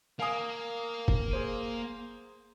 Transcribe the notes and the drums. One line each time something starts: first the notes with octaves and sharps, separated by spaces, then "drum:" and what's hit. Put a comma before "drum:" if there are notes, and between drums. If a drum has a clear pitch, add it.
A#3 F5 G#5 D#6
drum: kick
G#4 C5 D#7